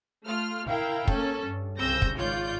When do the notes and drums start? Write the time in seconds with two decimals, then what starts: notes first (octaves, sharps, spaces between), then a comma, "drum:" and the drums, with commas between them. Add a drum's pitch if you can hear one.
0.25 A3 F4 F6
0.68 E4 A#4 F5 G5
1.07 A#3 C#4 A4, drum: kick
1.43 G2
1.79 C2 C#3 C4 E6 G6 A#6
2.02 drum: kick
2.16 G#1 F4 C#5 D5 G6